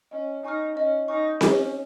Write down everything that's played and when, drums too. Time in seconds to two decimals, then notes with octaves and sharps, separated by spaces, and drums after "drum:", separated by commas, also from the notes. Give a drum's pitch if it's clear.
0.11 C#4 D#5
0.43 D#4 G#5 C#6 F6
0.76 C#4 D#5
1.08 D#4 G#5 C#6 F6
1.41 C#4 C#5, drum: snare C4